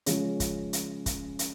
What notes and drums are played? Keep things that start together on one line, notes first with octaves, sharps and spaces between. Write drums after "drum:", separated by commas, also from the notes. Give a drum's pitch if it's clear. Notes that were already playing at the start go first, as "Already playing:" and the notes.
C#3 F3 G#3 C#4, drum: hi-hat
drum: kick, hi-hat
drum: hi-hat
drum: kick, hi-hat
drum: hi-hat